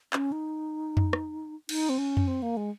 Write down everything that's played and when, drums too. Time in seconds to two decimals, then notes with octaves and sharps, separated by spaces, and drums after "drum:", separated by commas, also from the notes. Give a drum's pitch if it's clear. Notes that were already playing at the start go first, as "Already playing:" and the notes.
0.13 C#4, drum: clap
0.32 D#4
0.97 drum: tom F2
1.13 drum: rim click
1.69 D#4, drum: cymbal
1.89 C4
1.98 C#4
2.17 drum: tom F2
2.28 C4
2.42 A#3
2.57 G#3